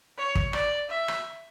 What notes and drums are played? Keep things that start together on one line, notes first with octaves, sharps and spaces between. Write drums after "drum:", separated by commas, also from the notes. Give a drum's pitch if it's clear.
C#5
drum: kick
D5, drum: rim click
E5
drum: rim click